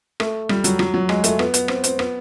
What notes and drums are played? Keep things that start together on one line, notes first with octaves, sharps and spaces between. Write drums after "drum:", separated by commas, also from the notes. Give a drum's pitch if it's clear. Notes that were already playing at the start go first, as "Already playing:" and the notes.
A3, drum: rim click
G3, drum: rim click
F#3, drum: hi-hat
F#3, drum: rim click
F#3
G#3, drum: rim click
A3, drum: hi-hat
B3, drum: rim click
B3, drum: hi-hat
C4, drum: rim click
C4, drum: hi-hat
B3, drum: rim click